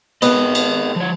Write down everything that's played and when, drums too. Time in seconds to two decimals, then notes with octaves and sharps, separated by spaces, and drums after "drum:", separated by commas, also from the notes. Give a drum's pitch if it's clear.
0.22 B3 G#4 A#4 B4 D#5, drum: cymbal
0.55 drum: cymbal
0.96 F3 C#5